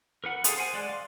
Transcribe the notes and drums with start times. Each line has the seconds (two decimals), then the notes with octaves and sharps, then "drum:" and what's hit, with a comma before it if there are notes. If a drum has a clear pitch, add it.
0.24 A#4 B4 F#5
0.44 G#4 A4 E5 F5, drum: hi-hat
0.57 C5 F#5 G#5
0.73 G#3 D5 F#6
0.89 F5 C6